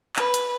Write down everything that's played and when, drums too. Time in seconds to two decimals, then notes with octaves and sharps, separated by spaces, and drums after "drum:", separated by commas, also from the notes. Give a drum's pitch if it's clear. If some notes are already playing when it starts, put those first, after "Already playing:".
0.16 B4, drum: clap
0.34 drum: hi-hat